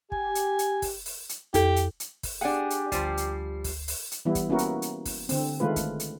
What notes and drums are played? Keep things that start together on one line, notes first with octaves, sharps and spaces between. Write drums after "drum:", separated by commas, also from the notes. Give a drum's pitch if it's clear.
G4 G#5, drum: kick
drum: hi-hat
drum: hi-hat
drum: kick, open hi-hat
drum: open hi-hat
drum: hi-hat
F2 G4 A4, drum: kick, hi-hat
drum: hi-hat
drum: hi-hat
drum: kick, open hi-hat
D4 G4 G#4 F#5 G#5
drum: hi-hat
D2 F3 G3 C7, drum: kick, hi-hat
drum: hi-hat
drum: kick, open hi-hat
drum: open hi-hat
drum: hi-hat
E3 G3 B3 E4
drum: kick, hi-hat
A#3 B3 C#4 E4 F#4 A#4
drum: hi-hat
drum: hi-hat
drum: kick, open hi-hat
D3 C4, drum: open hi-hat
D#3 G#3 A3 F4 B4
drum: kick, hi-hat
drum: hi-hat